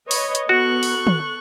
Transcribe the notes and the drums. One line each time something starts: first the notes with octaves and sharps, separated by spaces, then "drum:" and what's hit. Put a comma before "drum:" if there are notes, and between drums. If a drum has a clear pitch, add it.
B4 C#5 D#5, drum: open hi-hat
drum: hi-hat
B3 F#4 A4 C#6 F#6
drum: open hi-hat
drum: tom